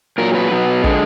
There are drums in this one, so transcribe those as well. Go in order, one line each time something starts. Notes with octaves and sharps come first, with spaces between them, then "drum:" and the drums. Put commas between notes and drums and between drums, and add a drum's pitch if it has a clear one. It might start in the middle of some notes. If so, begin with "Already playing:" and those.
A#2 F#3 A#4
B4
B2 F#3
D3 G#3, drum: kick